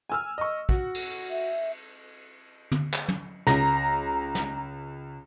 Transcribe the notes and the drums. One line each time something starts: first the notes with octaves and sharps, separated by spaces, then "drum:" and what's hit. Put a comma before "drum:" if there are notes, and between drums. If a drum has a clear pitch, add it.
G#5 E6 F6
D#5 C#6
F#4, drum: kick
drum: cymbal
E5
drum: tom
drum: clap
drum: tom
C#2 A#5 A#6, drum: snare
drum: snare